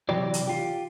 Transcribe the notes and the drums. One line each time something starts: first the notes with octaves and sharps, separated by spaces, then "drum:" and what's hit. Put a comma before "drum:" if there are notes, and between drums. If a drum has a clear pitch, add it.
C3 E3 F#3 G4 D5
drum: hi-hat
F4 G4